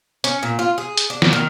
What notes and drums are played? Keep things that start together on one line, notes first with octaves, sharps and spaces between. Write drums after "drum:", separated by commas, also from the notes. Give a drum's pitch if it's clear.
C#4, drum: hi-hat
A#2
F4
G#4
drum: hi-hat
D4
drum: snare
D#3